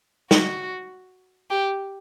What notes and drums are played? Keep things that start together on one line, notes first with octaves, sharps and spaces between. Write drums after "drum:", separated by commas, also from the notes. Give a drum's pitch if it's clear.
F#4, drum: snare
G4